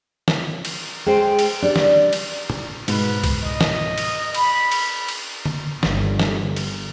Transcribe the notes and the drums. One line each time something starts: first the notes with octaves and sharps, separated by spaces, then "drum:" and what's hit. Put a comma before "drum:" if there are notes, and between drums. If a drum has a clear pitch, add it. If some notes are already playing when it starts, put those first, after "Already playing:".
drum: snare
drum: cymbal
G#3 C5 G5
drum: cymbal
G3 D4 D5
drum: snare
drum: cymbal
drum: tom
G#2 B2 B4, drum: cymbal
drum: kick C2, cymbal
D#5
drum: snare
drum: cymbal
B5, drum: cymbal
drum: cymbal
drum: cymbal
drum: tom D3
G1, drum: snare
drum: snare
drum: cymbal